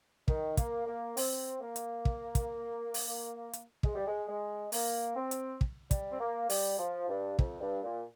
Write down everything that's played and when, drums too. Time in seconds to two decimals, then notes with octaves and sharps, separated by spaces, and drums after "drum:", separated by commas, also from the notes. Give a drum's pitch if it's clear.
0.28 D#3, drum: kick
0.57 A#3, drum: kick, hi-hat
0.86 A#3
1.17 C4, drum: open hi-hat
1.61 A#3
1.76 drum: hi-hat
2.05 drum: kick
2.35 drum: kick, hi-hat
2.94 drum: open hi-hat
3.53 drum: hi-hat
3.83 G#3, drum: kick
3.95 G3
4.07 G#3
4.28 G#3
4.72 A#3, drum: open hi-hat
5.16 C4
5.31 drum: hi-hat
5.61 drum: kick
5.91 G3, drum: kick, hi-hat
6.11 C4
6.20 A#3
6.50 G3, drum: open hi-hat
6.79 F3
7.09 G2
7.39 F2, drum: kick
7.61 G2
7.83 A#2